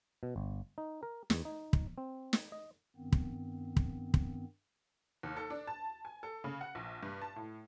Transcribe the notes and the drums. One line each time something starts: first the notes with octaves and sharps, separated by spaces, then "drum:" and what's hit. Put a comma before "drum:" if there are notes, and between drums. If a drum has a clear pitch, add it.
B2
G1
D#4
A#4
E2, drum: snare
D#4
drum: kick
C4
drum: snare
D#5
G2 D#3 B3 C4
drum: kick
drum: kick
drum: kick
D#2
A4
D4
A5
G#5
A4
C#3
F#5
A#1
G2
A5
A2